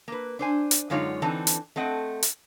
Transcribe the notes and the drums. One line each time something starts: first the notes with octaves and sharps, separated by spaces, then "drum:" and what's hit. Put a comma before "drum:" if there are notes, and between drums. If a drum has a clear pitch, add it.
A#3 B4
D4 C5 G#5
drum: hi-hat
F#2 D3 G#3 D#4 F4 C#5
D3 E3 C4 D#4 A5
drum: hi-hat
A3 C4 D#5 F#5
drum: hi-hat